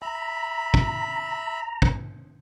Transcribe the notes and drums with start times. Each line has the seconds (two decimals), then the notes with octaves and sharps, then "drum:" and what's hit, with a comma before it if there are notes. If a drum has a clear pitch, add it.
0.02 E5 A#5 B5
0.74 drum: kick
1.82 drum: kick